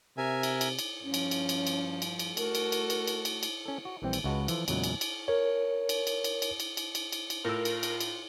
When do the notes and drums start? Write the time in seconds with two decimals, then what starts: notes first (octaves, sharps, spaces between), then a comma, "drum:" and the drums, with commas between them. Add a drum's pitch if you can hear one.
0.18 C3 A#4 E5 G#5
0.43 drum: cymbal
0.61 drum: cymbal
0.79 drum: cymbal
1.04 G2 F3 C#4
1.14 drum: cymbal
1.31 drum: cymbal
1.49 drum: cymbal
1.67 drum: cymbal
2.02 drum: cymbal
2.19 drum: cymbal
2.37 A3 F#4 A4 A#4, drum: cymbal
2.55 drum: cymbal
2.72 drum: cymbal
2.90 drum: cymbal
3.07 drum: cymbal
3.25 drum: cymbal
3.43 drum: cymbal
3.66 C#4 A4
3.85 F#4
4.02 A#1 E3 G3 C4 G5
4.13 drum: cymbal
4.24 C#2 G#3 F#4 B4 A5
4.48 E3 F3 A4 C5, drum: cymbal
4.68 E2 A#2 C#3 F#3 G#3, drum: cymbal
4.84 drum: cymbal
5.01 drum: cymbal
5.28 A#4 C#5
5.89 drum: cymbal
6.07 drum: cymbal
6.24 drum: cymbal
6.42 drum: cymbal
6.60 drum: cymbal
6.77 drum: cymbal
6.95 drum: cymbal
7.12 drum: cymbal
7.30 drum: cymbal
7.45 A2 F4 A#4 E6
7.65 drum: cymbal
7.83 drum: cymbal
8.01 drum: cymbal